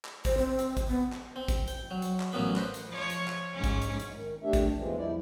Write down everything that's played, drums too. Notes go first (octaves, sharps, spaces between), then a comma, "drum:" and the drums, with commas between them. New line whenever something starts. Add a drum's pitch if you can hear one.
drum: clap
C5, drum: kick A#1, hi-hat
C4
drum: hi-hat
drum: kick A#1, hi-hat
B3
drum: clap
C4
drum: kick A#1, hi-hat
G5, drum: hi-hat
F#3
drum: hi-hat
drum: clap
A1 F#3 A#3 B3 B5
B4 C5, drum: clap
drum: hi-hat
F3 C#5
drum: hi-hat
drum: clap
G#2 C#4
drum: kick A#1, hi-hat
drum: hi-hat
drum: hi-hat
D#3
F2 A3 D4 G4 E5
drum: kick A#1, hi-hat
E2 E3 F3 G#3
E2 F3 G3 E4 D5